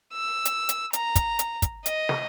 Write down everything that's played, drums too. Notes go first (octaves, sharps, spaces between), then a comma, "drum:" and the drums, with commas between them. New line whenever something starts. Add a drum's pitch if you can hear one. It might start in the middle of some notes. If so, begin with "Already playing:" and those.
E6
drum: hi-hat
drum: hi-hat
A#5, drum: hi-hat
drum: kick, hi-hat
drum: hi-hat
drum: kick, hi-hat
D#5, drum: hi-hat
drum: snare